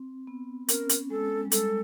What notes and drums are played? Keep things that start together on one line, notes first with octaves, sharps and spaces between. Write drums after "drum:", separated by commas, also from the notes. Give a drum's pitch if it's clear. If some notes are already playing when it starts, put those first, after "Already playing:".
Already playing: C4
B3
C#4 A#4, drum: hi-hat
drum: hi-hat
G#3 A4
G3
G#3 A4, drum: hi-hat